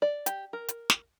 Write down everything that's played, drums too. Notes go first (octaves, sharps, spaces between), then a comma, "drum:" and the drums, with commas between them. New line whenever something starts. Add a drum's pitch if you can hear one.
D5
G4, drum: hi-hat
A#4
drum: hi-hat
drum: snare